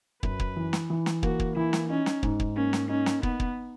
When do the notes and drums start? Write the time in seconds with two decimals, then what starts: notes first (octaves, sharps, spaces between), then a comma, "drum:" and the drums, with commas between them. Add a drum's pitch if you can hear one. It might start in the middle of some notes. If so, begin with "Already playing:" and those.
0.23 F#2 B4, drum: kick
0.39 drum: kick
0.56 E3
0.73 drum: snare
0.90 E3
1.06 drum: snare
1.23 A#3 F#4, drum: kick
1.40 drum: kick
1.56 E3 E4
1.73 drum: snare
1.90 C#4 D#4
2.06 drum: snare
2.23 G#2, drum: kick
2.40 drum: kick
2.56 A#3 C#4
2.73 drum: snare
2.89 C#4 D#4
3.06 drum: snare
3.23 B3 D#4, drum: kick
3.40 drum: kick